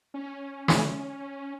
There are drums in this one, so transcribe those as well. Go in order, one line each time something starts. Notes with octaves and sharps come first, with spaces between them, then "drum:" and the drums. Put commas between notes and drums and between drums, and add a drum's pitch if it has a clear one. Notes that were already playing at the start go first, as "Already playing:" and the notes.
C#4
drum: snare